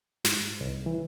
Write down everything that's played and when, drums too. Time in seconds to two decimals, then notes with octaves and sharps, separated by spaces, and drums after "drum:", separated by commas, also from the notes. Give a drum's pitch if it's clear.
0.25 G#2, drum: snare
0.61 C2
0.86 E3